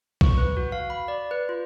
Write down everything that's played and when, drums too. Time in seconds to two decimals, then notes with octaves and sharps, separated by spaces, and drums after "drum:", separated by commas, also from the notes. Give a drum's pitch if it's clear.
0.21 C#6, drum: kick B1
0.38 B4
0.57 F#4
0.72 F5
0.90 B5
1.08 D5
1.31 B4
1.49 F4